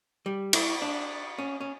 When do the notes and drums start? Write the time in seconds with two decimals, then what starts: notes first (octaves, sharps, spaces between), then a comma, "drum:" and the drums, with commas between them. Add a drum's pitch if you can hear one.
0.26 G3
0.53 E4, drum: cymbal
0.82 D4
1.38 C#4
1.61 C#4